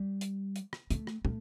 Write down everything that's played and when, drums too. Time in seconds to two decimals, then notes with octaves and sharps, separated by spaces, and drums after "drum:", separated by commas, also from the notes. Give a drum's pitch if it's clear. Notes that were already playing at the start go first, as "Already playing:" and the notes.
Already playing: G3
0.21 drum: hi-hat
0.56 drum: hi-hat
0.73 drum: rim click
0.90 A3, drum: hi-hat
1.07 drum: rim click
1.25 A3, drum: tom